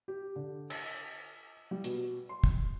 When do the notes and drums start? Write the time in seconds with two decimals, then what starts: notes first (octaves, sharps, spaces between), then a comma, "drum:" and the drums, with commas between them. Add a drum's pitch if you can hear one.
0.08 G4
0.36 D3
0.70 E6, drum: cymbal
1.71 G3
1.84 B2, drum: hi-hat
2.29 C6
2.44 drum: kick